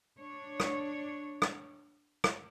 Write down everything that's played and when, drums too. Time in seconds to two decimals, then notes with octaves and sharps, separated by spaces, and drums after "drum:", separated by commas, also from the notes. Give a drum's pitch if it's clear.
0.19 D4 C#5
0.60 drum: rim click
1.42 drum: rim click
2.24 drum: rim click